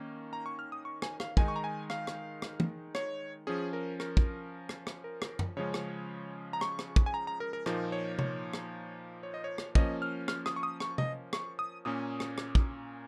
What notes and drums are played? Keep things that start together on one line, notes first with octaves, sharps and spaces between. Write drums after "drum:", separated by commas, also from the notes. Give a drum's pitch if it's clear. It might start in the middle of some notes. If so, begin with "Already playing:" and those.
Already playing: D#3 A#3 C#4
A#5
C#6
F6
D#6
C#6
G#5, drum: rim click
F5, drum: rim click
D#3 G#3 D#4 G#5, drum: kick
C#6
A#5
G#5
F5, drum: rim click
drum: rim click
drum: rim click
drum: tom
C#5, drum: rim click
F3 C#4 G#4
A#4
A#4, drum: rim click
drum: kick
drum: rim click
drum: rim click
A#4
drum: rim click
drum: tom F#2
C#3 F3 G#3 C#4 C#5
drum: rim click
A#5
C#6, drum: rim click
drum: rim click
drum: kick
G#5
A#5
A#5
A#4
A#4
A#2 F3 A#3 D#4 A#4, drum: rim click
C#5
C#5, drum: tom C3
drum: rim click
C#5
D#5
C#5
drum: rim click
F3 A#3 C#4 D#5, drum: kick
F6
F6, drum: rim click
D#6, drum: rim click
C#6
D#6
C#6, drum: rim click
D#5, drum: tom C3
C#6, drum: rim click
D#6
A#2 A#3 C#4 D#6
drum: rim click
drum: rim click
drum: kick